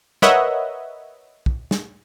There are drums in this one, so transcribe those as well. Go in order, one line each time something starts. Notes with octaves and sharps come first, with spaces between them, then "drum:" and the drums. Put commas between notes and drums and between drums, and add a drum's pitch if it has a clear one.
A#4 B4 C#5 D#5 E5 F#5, drum: snare
drum: kick
drum: snare